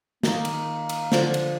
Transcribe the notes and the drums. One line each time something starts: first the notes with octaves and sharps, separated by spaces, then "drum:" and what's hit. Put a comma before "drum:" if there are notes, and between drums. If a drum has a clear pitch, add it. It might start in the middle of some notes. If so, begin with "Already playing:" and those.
D#3 A#3 D#4, drum: snare
drum: cymbal
drum: cymbal
D3 F3 D6, drum: snare
drum: cymbal